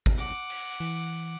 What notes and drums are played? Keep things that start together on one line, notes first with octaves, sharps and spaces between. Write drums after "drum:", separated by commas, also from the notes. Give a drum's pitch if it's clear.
drum: kick G#1
F#5 D6
drum: cymbal
E3